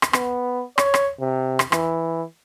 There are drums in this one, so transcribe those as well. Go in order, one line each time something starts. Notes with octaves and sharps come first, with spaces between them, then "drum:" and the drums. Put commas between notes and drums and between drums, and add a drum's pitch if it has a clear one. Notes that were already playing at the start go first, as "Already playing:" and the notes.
drum: rim click
B3, drum: rim click
C#5, drum: rim click
drum: rim click
C3
drum: rim click
E3, drum: rim click